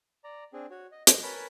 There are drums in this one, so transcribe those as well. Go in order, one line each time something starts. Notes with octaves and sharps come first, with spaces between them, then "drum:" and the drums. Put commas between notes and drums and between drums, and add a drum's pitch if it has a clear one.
D5 A#5
C4 D4 G#4
F#4 C#5
D#5
D#5, drum: hi-hat
A#4 B4 C#5 G#5 A5 B5